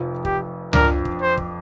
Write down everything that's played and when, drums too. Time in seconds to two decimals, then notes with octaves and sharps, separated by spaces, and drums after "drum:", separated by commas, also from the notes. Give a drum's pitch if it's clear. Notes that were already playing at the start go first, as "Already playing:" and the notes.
Already playing: F1 F2 F3
0.25 G4, drum: kick
0.73 F2 F3 D4 A#4, drum: tom C#2
1.05 drum: kick
1.21 C5
1.37 drum: kick